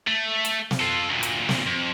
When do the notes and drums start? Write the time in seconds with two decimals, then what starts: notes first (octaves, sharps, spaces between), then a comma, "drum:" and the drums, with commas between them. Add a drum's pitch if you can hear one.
0.07 A3
0.45 drum: hi-hat
0.71 drum: snare
0.80 F4 A4
1.10 D2 A#2
1.23 drum: hi-hat
1.49 drum: snare
1.66 F2